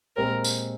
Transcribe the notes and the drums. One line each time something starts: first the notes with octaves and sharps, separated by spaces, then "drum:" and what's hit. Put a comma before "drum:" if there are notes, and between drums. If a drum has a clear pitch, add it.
A#2 G#3 C4 G4 A#4 C5
drum: tambourine